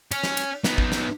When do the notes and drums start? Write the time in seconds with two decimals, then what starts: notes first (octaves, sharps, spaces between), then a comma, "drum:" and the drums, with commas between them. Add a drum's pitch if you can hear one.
0.12 C#4, drum: cymbal
0.23 drum: snare
0.37 drum: cymbal
0.64 B3 D#4, drum: snare
0.78 drum: kick
0.92 drum: snare